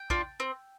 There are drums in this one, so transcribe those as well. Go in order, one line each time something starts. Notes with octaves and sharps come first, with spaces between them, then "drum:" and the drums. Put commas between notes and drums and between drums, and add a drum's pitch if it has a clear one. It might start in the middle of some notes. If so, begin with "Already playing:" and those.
Already playing: G5
D4 F4, drum: kick
C4